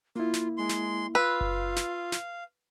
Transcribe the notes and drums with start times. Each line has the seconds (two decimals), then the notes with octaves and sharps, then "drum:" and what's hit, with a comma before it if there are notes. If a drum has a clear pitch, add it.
0.16 A#3 E4 F4
0.33 drum: snare
0.58 G#3 C6
0.69 drum: snare
1.15 F4 B4 F5 E6
1.41 drum: kick F#1
1.76 drum: snare
2.12 drum: snare